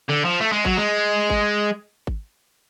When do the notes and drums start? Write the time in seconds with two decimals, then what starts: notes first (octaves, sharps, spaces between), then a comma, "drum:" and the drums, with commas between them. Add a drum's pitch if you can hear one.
0.09 D3
0.25 F3
0.41 A3
0.52 G#3
0.65 F#3, drum: kick G#1
0.77 G#3
1.30 drum: kick G#1
2.07 drum: kick G#1